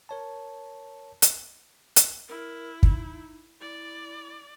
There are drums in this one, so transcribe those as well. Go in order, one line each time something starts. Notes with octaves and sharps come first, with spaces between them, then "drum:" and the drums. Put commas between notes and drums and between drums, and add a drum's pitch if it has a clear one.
A#4 C#5 A5
drum: hi-hat
drum: hi-hat
E4 A#4
D#4, drum: kick
E4 D5